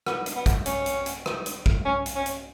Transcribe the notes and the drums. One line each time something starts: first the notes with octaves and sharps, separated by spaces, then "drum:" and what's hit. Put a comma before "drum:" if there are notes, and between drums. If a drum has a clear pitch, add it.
B3, drum: rim click
drum: hi-hat
B3
drum: kick, hi-hat
C#4, drum: hi-hat
drum: hi-hat
drum: hi-hat
drum: rim click
drum: hi-hat
drum: kick
C#4
drum: hi-hat
C#4
drum: hi-hat